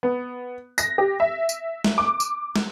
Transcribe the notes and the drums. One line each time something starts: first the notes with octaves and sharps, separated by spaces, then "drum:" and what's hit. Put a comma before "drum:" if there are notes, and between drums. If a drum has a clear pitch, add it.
B3
A#6, drum: tambourine
G4
E5
drum: tambourine
drum: snare
D6
drum: tambourine
drum: snare